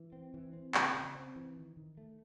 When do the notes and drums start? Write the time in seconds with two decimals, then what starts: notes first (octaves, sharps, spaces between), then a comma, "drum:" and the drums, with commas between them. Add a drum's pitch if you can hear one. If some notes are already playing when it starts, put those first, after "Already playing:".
Already playing: E3
0.12 C4
0.34 E3
0.53 C4
0.74 C#3, drum: clap
0.94 C#3
1.15 C4
1.36 E3
1.57 D#3
1.77 D#3
1.97 A3